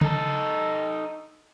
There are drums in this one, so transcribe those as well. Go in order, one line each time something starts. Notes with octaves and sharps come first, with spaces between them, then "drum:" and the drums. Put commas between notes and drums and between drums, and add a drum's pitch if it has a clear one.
D#4 A4, drum: tom C#3